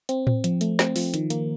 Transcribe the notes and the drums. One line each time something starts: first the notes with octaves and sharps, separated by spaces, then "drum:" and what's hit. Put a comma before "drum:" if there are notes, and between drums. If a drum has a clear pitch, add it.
C4, drum: hi-hat
C4, drum: tom A2
F3, drum: hi-hat
A3, drum: hi-hat
C4, drum: snare
F3, drum: open hi-hat
D#3, drum: hi-hat
A#3, drum: hi-hat